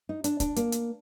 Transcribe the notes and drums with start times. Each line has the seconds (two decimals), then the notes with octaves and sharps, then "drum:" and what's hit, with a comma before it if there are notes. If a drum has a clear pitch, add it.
0.09 D#4
0.24 D4, drum: hi-hat
0.40 D4, drum: kick, hi-hat
0.56 A#3, drum: hi-hat
0.72 drum: hi-hat